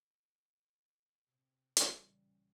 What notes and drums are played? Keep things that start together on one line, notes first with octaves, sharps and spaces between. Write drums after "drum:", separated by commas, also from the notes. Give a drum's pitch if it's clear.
C3
A1 A#2 C#3 E3 G3, drum: hi-hat